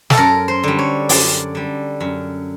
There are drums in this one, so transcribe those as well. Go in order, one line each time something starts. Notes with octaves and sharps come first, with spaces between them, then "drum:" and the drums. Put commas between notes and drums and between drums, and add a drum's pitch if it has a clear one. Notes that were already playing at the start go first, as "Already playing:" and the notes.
A4, drum: snare
F#2 A#4
C5
D3 G3
C#5
F#2 D5, drum: open hi-hat
D3 G3
F#2